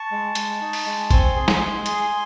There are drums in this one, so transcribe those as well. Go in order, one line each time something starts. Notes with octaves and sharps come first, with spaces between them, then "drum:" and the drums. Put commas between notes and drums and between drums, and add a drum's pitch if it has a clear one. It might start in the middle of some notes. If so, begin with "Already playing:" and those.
Already playing: A5 C#6
G#3
G#3, drum: hi-hat
D#4
drum: open hi-hat
G#3
C4 G#5 C6, drum: kick, hi-hat
G#4
drum: snare
G#3
G#4, drum: hi-hat